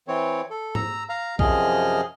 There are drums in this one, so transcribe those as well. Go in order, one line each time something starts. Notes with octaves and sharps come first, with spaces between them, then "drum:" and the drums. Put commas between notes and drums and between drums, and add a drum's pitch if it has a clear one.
E3 C4 C#5
A4
A#5 E6, drum: tom G#2
F5 A#5
F#2 C3 F3 G#4 D#5 F6, drum: kick A#1